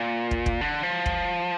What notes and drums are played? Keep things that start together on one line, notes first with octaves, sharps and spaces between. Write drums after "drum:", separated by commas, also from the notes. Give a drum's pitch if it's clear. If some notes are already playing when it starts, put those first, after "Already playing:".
Already playing: A#2
drum: kick
drum: kick
D3
F3
drum: kick